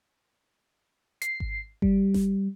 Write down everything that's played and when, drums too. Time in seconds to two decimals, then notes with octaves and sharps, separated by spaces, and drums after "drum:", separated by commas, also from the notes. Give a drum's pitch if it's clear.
1.22 C7, drum: hi-hat
1.40 drum: kick G#1
1.82 G3, drum: kick G#1
2.14 drum: snare G1